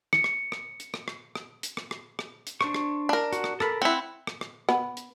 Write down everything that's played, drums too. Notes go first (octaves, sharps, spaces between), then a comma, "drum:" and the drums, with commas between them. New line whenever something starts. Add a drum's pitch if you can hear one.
C#7, drum: rim click
drum: rim click
drum: rim click
drum: hi-hat
drum: rim click
drum: rim click
drum: rim click
drum: hi-hat
drum: rim click
drum: rim click
drum: rim click
drum: hi-hat
D4 C5 C#6, drum: rim click
drum: rim click
D4 A#4
F#4, drum: hi-hat
drum: rim click
A4 A#4 B5, drum: rim click
C4 E4 F#5
drum: rim click
drum: rim click
B3, drum: rim click
drum: hi-hat